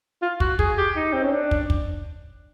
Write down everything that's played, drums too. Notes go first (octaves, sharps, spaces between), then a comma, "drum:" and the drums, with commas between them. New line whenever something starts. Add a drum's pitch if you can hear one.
F4
F#4, drum: kick
G#4, drum: kick
G4
D#4
C4
C#4
D4
drum: kick
drum: kick